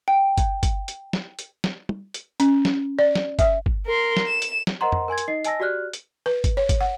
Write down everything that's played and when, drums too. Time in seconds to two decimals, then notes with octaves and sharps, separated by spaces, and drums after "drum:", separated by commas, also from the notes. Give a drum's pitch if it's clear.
0.08 G5
0.38 drum: kick G1, hi-hat
0.63 drum: kick G1, hi-hat
0.88 drum: hi-hat
1.13 drum: snare
1.39 drum: hi-hat
1.64 drum: snare
1.89 drum: tom
2.14 drum: hi-hat
2.40 C#4, drum: hi-hat
2.65 drum: snare
2.99 D5
3.15 drum: snare
3.39 E5, drum: kick G1, hi-hat
3.66 drum: kick G1
3.86 A#4 C6
4.17 drum: snare
4.28 E7
4.42 drum: hi-hat
4.67 drum: snare
4.81 A#4 C5 D#5 F#5 A#5 C6
4.92 drum: tom
5.08 A#4 G#5 C6 G#6
5.18 drum: hi-hat
5.28 D#4 D#5 C7
5.44 D#5 G#5 A5 E6 A#6, drum: hi-hat
5.60 F#4 G4 D5 F6 F#6
5.93 drum: hi-hat
6.26 B4
6.44 drum: kick G1, hi-hat
6.57 C#5
6.69 drum: kick G1, hi-hat
6.81 F#5